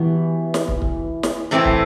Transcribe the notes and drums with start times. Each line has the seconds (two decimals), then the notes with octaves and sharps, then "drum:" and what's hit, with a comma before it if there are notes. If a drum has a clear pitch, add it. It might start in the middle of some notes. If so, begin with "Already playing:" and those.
Already playing: B2 E3 F#3 B3 G4
0.54 drum: snare
0.68 drum: kick
0.82 drum: kick
1.23 drum: snare
1.51 A2 E3 A3 C4 E4
1.65 drum: kick